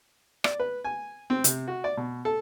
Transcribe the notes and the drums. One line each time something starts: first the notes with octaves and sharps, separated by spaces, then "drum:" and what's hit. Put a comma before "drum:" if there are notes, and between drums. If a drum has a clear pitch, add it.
D5, drum: rim click
B4
G#5
C4
C3, drum: hi-hat
F#4
D5
B2
A4